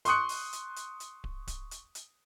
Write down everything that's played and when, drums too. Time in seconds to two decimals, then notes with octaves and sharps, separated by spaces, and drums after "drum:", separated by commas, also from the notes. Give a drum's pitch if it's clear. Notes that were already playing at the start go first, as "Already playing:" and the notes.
0.05 C6 C#6 D#6 F#6 C#7, drum: hi-hat
0.29 drum: open hi-hat
0.53 drum: hi-hat
0.76 drum: hi-hat
1.00 drum: hi-hat
1.24 drum: kick D1
1.47 drum: kick D1, hi-hat
1.71 drum: hi-hat
1.95 drum: hi-hat